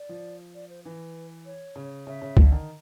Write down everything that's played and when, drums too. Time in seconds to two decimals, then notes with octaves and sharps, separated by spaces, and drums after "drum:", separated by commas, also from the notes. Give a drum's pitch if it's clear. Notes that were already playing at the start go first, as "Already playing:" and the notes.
Already playing: D5
0.09 F3
0.55 D5
0.70 C5
0.84 E3 B4
1.46 C#5
1.76 C#3
2.07 C#3 E5
2.22 C#3
2.37 D3, drum: kick C#2
2.52 D#3